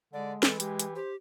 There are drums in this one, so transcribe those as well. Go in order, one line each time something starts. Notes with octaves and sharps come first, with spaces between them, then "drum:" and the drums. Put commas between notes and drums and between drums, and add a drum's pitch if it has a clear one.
D3 G#3 D5
E3 A4, drum: snare
G#3 G4, drum: hi-hat
drum: hi-hat
G4 C5